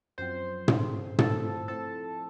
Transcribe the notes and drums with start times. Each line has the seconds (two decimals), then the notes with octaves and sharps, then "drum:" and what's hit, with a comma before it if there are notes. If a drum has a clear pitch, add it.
0.18 F#2 F3 C4 C5 C6
0.68 C#3 A3 C4, drum: tom
1.18 A2 F3 C4 A4 A5, drum: tom
1.68 A2 F3 C4 A4 A5